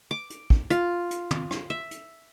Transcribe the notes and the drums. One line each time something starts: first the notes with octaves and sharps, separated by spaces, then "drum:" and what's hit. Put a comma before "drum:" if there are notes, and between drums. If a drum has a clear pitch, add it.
D6
drum: hi-hat
drum: kick
F4, drum: hi-hat
drum: hi-hat
drum: tom
drum: rim click
E5
drum: hi-hat